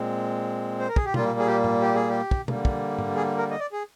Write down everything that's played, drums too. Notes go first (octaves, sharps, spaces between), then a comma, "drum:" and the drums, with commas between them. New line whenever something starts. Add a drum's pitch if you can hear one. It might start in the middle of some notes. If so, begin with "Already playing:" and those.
Already playing: A#2 G#3 C4
C5
A#4
G#4, drum: kick
G4
A#2 G3 A#3 F4, drum: tom B2
G#4
G4
drum: tom G#2
G4
G#4
G4
drum: kick
D3 G3 A#3, drum: tom B2
drum: kick
drum: tom G#2
G#4
A#4
D#5
D5
G#4